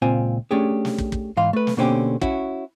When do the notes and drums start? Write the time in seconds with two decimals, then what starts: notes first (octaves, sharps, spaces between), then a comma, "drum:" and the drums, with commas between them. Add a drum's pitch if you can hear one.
0.02 C#2 A#2 C4 F4 G#5
0.51 A3 C#4 D4 G4 G#4
0.85 drum: snare
0.98 drum: kick
1.12 drum: kick
1.37 G#2 E3 F5 C6
1.53 A3 B4
1.67 drum: snare
1.77 B2 D3 A#3 C4 C#4 G4
2.21 C#4 E4 F#4, drum: kick